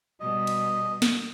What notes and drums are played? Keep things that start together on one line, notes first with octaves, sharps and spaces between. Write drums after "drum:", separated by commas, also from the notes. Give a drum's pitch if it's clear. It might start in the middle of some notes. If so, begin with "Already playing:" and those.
B2 G3 D#5
drum: cymbal
drum: snare